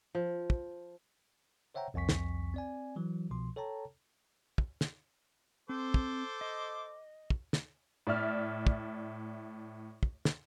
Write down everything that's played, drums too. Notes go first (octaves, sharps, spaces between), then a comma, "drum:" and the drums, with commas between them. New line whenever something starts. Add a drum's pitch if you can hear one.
F3
drum: kick
C5 C#5 E5 F#5 G5 A#5
C2 F2 G#5 C#6 B6
drum: snare
C4 D5 G#5
E3 F#3
C2 B2 F3 C6
A4 C#5 G5 A5 A#5
drum: kick
drum: snare
C4 A4 C5 D6
drum: kick
D#5
drum: kick
drum: snare
A2 D5 E5 F6
drum: kick
drum: kick
drum: snare